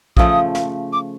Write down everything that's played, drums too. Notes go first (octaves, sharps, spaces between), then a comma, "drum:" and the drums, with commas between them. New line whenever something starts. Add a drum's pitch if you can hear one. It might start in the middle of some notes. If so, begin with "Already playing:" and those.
C#3 F3 A3 D#6, drum: kick A#1
drum: snare
D6